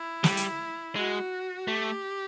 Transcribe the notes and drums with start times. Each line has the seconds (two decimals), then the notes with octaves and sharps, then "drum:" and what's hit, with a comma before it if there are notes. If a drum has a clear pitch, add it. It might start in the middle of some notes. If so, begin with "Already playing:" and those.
Already playing: E4
0.24 G3, drum: snare
0.37 drum: hi-hat
0.95 G#3 F#4
1.67 A3 G4